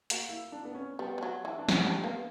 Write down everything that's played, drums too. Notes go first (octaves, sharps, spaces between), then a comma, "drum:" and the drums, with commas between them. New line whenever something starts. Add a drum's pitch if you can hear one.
A#3 F#4, drum: hi-hat
E4
D4
B3
C#4
G3 B3
G3
F#3
E3
D4
F#3 C#4, drum: snare
G3 D4
A#3 B3